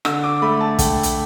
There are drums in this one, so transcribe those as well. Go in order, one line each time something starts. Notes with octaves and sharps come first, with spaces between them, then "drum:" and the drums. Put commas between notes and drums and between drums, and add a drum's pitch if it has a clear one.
D3 E6, drum: rim click
D6
A3 B5
A5
A3 G5, drum: kick, hi-hat
drum: hi-hat